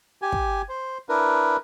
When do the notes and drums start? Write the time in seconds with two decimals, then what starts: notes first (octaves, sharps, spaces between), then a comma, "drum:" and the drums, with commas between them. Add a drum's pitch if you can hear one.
0.22 G4 G#5
0.32 drum: kick
0.69 C5
1.09 D4 E4 A#4 B4